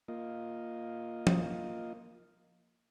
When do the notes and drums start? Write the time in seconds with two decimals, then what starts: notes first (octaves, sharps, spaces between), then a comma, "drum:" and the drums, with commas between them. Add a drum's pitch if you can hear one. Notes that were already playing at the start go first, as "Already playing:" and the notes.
0.08 A#3 F4 D#5
1.27 drum: tom